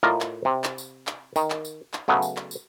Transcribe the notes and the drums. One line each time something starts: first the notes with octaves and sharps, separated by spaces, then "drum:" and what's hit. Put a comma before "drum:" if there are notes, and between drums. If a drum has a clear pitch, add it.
A2 F4 A#4 D5 D#5
drum: clap
C3
drum: clap
drum: tambourine
drum: clap
D#3, drum: tambourine
drum: clap
drum: tambourine
drum: clap
C#3 F#3 A3 B3
drum: tambourine
drum: clap
drum: tambourine